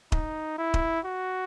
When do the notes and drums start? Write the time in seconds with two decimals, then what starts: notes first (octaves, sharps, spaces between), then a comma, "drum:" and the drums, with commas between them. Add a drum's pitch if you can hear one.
0.12 D#4, drum: kick D#1
0.58 E4
0.74 drum: kick D#1
1.05 F#4